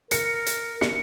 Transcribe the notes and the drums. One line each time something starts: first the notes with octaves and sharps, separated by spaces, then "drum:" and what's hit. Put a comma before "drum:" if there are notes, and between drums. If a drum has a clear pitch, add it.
A#4 C#7, drum: hi-hat
drum: hi-hat
C#7, drum: snare